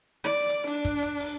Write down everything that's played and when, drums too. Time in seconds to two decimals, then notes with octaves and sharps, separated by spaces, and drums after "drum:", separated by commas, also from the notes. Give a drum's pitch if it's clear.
0.24 D5
0.49 drum: hi-hat
0.67 D4, drum: hi-hat
0.85 drum: kick, hi-hat
1.02 drum: hi-hat
1.20 drum: open hi-hat